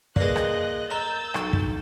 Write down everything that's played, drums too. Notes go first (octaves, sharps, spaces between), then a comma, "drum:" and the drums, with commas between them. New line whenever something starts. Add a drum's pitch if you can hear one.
G#3 A#3 B4 D5 D#5 F#6 A#6, drum: kick
drum: rim click
A#4 D#5 A#5 E6 G6 A6
B1 F#5 C#6, drum: rim click
drum: kick